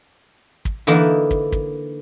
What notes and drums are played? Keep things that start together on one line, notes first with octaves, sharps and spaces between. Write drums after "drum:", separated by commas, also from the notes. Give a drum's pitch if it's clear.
drum: kick
D3 E3 A#3 D#4 E4 A#4
drum: kick
drum: kick